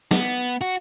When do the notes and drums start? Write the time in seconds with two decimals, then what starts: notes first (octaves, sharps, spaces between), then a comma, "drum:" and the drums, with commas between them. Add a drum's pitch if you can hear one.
0.11 B3, drum: snare
0.61 F#4